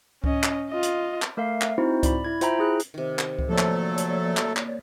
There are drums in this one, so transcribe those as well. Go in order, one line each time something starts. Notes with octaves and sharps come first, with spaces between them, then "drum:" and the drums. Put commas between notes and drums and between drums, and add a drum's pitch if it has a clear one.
C#4 D#5, drum: kick C#2
drum: clap
F4 D#5
drum: hi-hat
drum: clap
A3 A#4 E5 F5
drum: clap
C4 D#4 E4 F#4 C5
D5 B5, drum: kick C#2, hi-hat
E4 G#6
F4 C5 E5 G5 A#5 B5, drum: hi-hat
E4 G#4 F#6
drum: hi-hat
C3 D#3
drum: clap
drum: kick C#2
F3 F#3 A3 A#3 A4 C#5 D5
drum: clap
drum: hi-hat
drum: clap
drum: clap